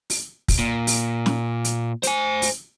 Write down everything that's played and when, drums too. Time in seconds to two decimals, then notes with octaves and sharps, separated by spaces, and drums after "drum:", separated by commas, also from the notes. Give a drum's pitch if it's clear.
0.10 drum: open hi-hat
0.48 drum: kick, open hi-hat
0.59 A#2
0.87 drum: open hi-hat
1.26 drum: snare
1.65 drum: hi-hat
2.03 C5 G#5, drum: hi-hat
2.42 drum: open hi-hat